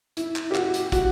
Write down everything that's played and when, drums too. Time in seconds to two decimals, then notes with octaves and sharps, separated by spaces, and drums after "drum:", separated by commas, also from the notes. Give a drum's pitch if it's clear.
0.17 E4, drum: hi-hat
0.36 drum: clap
0.51 G4
0.55 F#4, drum: clap
0.74 drum: hi-hat
0.92 F#4, drum: kick, hi-hat